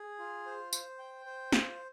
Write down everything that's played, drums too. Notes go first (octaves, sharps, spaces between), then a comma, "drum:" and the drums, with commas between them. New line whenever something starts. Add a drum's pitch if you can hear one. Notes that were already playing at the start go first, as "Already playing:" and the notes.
Already playing: G#4
F4
C5
C5, drum: tambourine
G5
C5
F4, drum: snare